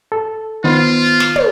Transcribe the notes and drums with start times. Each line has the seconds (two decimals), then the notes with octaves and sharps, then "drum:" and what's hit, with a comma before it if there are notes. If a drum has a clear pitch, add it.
0.12 A4
0.64 D#3 B3 F4 C5
1.20 drum: snare
1.36 drum: tom